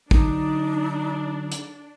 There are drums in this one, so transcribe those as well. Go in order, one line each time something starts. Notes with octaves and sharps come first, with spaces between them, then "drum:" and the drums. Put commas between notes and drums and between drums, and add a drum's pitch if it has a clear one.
D3 F#3 D4 D#4, drum: kick
drum: hi-hat